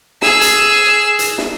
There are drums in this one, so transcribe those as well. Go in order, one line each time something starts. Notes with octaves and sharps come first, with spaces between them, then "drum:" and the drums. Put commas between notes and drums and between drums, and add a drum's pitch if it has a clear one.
G#4 E6, drum: snare
drum: hi-hat
drum: hi-hat
drum: snare